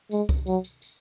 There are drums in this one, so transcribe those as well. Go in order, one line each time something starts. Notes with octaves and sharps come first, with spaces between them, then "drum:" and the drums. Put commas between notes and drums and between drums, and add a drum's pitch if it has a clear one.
G#3, drum: tambourine
drum: kick C2, tambourine
F#3, drum: tambourine
drum: tambourine
drum: tambourine